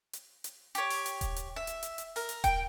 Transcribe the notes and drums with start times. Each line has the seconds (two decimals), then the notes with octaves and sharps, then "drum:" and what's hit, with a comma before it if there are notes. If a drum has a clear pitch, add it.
0.13 drum: hi-hat
0.44 drum: hi-hat
0.75 G4 C#5, drum: hi-hat
0.90 drum: open hi-hat
1.06 drum: hi-hat
1.21 drum: kick D#1, hi-hat
1.36 drum: hi-hat
1.56 E5
1.67 drum: hi-hat
1.83 drum: hi-hat
1.98 drum: hi-hat
2.16 A#4, drum: open hi-hat
2.29 drum: hi-hat
2.44 G5, drum: kick D#1, hi-hat